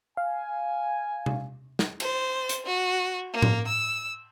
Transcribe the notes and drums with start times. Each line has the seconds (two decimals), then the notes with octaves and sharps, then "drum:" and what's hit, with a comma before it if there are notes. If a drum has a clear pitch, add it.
0.17 F5 G#5
1.26 drum: tom C3
1.79 drum: snare
2.00 C5, drum: cymbal
2.49 drum: hi-hat
2.66 F#4
3.33 A#3
3.42 drum: tom A2
3.67 E6